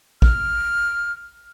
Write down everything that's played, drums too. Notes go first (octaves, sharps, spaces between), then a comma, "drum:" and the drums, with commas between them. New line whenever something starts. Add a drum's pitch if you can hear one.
F6, drum: kick